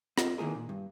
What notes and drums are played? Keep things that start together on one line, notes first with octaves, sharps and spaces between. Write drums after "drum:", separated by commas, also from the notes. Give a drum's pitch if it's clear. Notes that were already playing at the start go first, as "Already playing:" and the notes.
C4 F4 D#5, drum: rim click
D#2 D#3 A#3 E4 G#4 A#4
A#2
G2